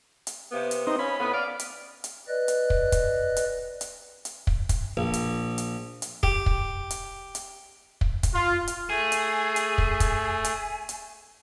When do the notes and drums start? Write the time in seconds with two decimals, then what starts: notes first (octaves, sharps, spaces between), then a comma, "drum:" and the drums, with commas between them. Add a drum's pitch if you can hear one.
0.27 drum: hi-hat
0.52 C3 A#3 B3
0.71 drum: hi-hat
0.87 C4 D#4
0.99 C#4 B5
1.20 A2 B3
1.34 D5 F5
1.60 drum: hi-hat
2.04 drum: hi-hat
2.28 B4 D5 D#5 F#6
2.48 drum: hi-hat
2.70 drum: kick
2.92 drum: kick, hi-hat
3.37 drum: hi-hat
3.81 drum: hi-hat
4.25 drum: hi-hat
4.47 drum: kick
4.69 drum: kick, hi-hat
4.97 A#1
5.14 drum: hi-hat
5.58 drum: hi-hat
6.02 drum: hi-hat
6.23 G4, drum: kick
6.46 drum: kick
6.91 drum: hi-hat
7.35 drum: hi-hat
8.01 drum: kick
8.23 drum: kick, hi-hat
8.33 F4
8.68 drum: hi-hat
8.90 A3 G#4
9.12 drum: hi-hat
9.56 drum: hi-hat
9.78 drum: kick
10.00 drum: kick, hi-hat
10.45 drum: hi-hat
10.89 drum: hi-hat